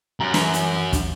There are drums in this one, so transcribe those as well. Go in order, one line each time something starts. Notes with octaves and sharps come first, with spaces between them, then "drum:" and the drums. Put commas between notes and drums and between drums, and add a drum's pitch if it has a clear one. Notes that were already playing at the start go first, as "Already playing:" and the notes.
F#2 A#5
E3, drum: snare
drum: hi-hat
drum: kick, hi-hat